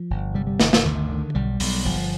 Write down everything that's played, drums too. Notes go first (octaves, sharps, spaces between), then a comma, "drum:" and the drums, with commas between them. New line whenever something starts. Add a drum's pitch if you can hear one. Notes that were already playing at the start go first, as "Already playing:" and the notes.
Already playing: F3
G1
C3 G3
G3
G1 D#3, drum: snare
D#3, drum: snare
D2 D#3
D3
B1 G3
B1, drum: open hi-hat
G1 F3